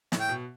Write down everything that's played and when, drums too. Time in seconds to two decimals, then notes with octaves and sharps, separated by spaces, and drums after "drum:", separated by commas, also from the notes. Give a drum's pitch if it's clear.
0.12 A2, drum: snare
0.20 G5
0.29 B2